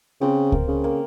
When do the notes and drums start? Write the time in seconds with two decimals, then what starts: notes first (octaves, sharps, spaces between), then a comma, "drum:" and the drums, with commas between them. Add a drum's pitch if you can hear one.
0.21 C#3 C4
0.52 A#3, drum: kick C#2
0.68 C#3
0.84 A#3